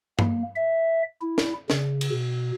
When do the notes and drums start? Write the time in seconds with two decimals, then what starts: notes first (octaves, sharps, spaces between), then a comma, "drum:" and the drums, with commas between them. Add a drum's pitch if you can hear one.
0.19 A#3, drum: tom G2
0.56 E5
1.21 E4
1.38 drum: snare
1.70 C#3, drum: snare
2.01 drum: cymbal
2.11 B2